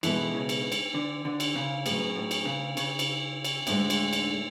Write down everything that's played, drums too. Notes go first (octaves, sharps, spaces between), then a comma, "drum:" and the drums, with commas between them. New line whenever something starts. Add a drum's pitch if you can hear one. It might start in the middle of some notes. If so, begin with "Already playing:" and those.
B2 E3 G#3 B3 E4 A4, drum: cymbal
C#3
drum: cymbal
drum: cymbal
D3
D3
drum: cymbal
C#3
A2 F#3 C#4 G#4 B4, drum: cymbal
A2
drum: cymbal
C#3
C#3, drum: cymbal
drum: cymbal
drum: cymbal
D2 A2 D3 G#3, drum: cymbal
drum: cymbal
drum: cymbal